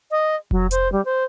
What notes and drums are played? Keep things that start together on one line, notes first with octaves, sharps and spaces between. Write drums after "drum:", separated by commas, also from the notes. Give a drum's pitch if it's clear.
D#5
F#3, drum: kick F1
C5, drum: hi-hat
G3
C5